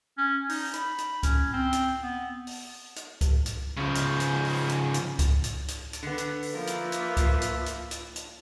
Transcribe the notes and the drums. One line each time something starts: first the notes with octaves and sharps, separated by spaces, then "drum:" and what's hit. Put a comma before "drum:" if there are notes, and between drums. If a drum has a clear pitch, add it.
C#4
D#4, drum: open hi-hat
B5, drum: hi-hat
drum: hi-hat
C#4, drum: kick C#2, hi-hat
C4
drum: hi-hat
B3
drum: open hi-hat
drum: hi-hat
drum: kick C#2, hi-hat
drum: hi-hat
C#3 F3
drum: hi-hat
drum: hi-hat
drum: open hi-hat
drum: hi-hat
drum: hi-hat
drum: kick C#2, hi-hat
drum: hi-hat
drum: hi-hat
drum: hi-hat
D3 B3
drum: hi-hat
drum: open hi-hat
F3 A#3 A#4 B4 E5
drum: hi-hat
drum: hi-hat
drum: kick C#2, hi-hat
drum: hi-hat
drum: hi-hat
drum: hi-hat
drum: hi-hat